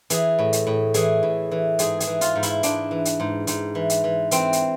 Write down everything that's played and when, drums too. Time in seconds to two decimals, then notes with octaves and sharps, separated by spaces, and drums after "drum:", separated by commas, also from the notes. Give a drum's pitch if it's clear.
0.10 E3 G#4, drum: hi-hat
0.39 A2
0.53 drum: hi-hat
0.67 A2
0.94 E3 G#4, drum: hi-hat
1.23 A2
1.52 E3
1.79 G#2 G#4, drum: hi-hat
2.00 G#4, drum: hi-hat
2.07 E3
2.21 F4, drum: hi-hat
2.36 G#2
2.43 E4, drum: hi-hat
2.63 G#2 D4, drum: hi-hat
2.91 E3
3.05 drum: hi-hat
3.20 G#2
3.47 G#2, drum: hi-hat
3.75 E3
3.90 drum: hi-hat
4.04 E3
4.31 E3 C4, drum: hi-hat
4.53 drum: hi-hat